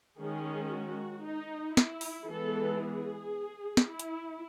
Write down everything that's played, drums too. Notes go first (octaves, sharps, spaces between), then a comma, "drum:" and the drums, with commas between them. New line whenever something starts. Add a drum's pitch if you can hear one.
D#3 G#3 C#4 G#4
F#4
D#4
E4, drum: snare
drum: open hi-hat
E3 G#3 B3 A4
G#4
drum: snare
E4
drum: hi-hat